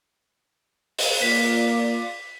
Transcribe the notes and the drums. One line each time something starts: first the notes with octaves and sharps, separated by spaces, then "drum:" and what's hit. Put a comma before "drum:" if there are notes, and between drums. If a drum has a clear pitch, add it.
drum: open hi-hat
A#3 F4 D5 B6